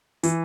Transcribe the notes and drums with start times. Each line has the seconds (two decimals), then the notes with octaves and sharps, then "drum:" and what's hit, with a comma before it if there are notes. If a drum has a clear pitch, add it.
0.23 E3, drum: hi-hat